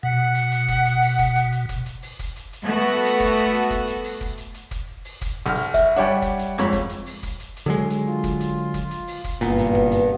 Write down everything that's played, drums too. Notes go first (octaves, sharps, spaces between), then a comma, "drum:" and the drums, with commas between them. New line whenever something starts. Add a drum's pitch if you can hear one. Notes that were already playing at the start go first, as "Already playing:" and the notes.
B2 F#5
drum: hi-hat
drum: hi-hat
drum: kick, hi-hat
drum: hi-hat
drum: open hi-hat
drum: kick, hi-hat
drum: hi-hat
drum: hi-hat
drum: kick, hi-hat
drum: hi-hat
drum: open hi-hat
drum: kick, hi-hat
drum: hi-hat
drum: hi-hat
A3 B3 F#4
drum: open hi-hat
drum: kick, hi-hat
drum: hi-hat
drum: hi-hat
drum: kick, hi-hat
drum: hi-hat
drum: open hi-hat
drum: kick
drum: hi-hat
drum: hi-hat
drum: kick, hi-hat
drum: open hi-hat
drum: kick, hi-hat
B1 F6
drum: hi-hat
E5, drum: kick, hi-hat
G3 D4 G4 C#5 F#5
drum: kick, hi-hat
drum: hi-hat
F2 G#2 C#5 B5, drum: hi-hat
drum: kick, hi-hat
drum: hi-hat
drum: open hi-hat
drum: kick, hi-hat
drum: hi-hat
drum: hi-hat
D3 F#3 G#3
drum: hi-hat
F4
drum: kick, hi-hat
drum: hi-hat
drum: kick, hi-hat
drum: hi-hat
drum: open hi-hat
drum: kick, hi-hat
F#1 G2 A#2 B3, drum: hi-hat
drum: hi-hat
drum: kick
drum: hi-hat